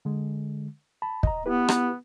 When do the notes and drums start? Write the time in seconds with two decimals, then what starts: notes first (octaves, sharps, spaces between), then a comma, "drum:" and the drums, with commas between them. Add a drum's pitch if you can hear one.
0.05 D3 G#3
1.02 A5 B5
1.23 D#5 A#5, drum: kick
1.46 B3 E4 G4 B4
1.69 drum: rim click